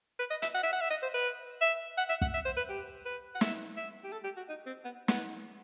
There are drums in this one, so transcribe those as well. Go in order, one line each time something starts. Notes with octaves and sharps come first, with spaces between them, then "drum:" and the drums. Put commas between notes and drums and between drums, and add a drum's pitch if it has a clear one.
B4
D#5
E5, drum: hi-hat
F#5
E5
F#5
E5
D#5
C5
B4
E5
F#5
E5
F#5, drum: kick
E5
C5
B4
G4
B4
F#5
E5, drum: snare
E5
G4
A4
G4
F#4
D#4
C4
B3
B3, drum: snare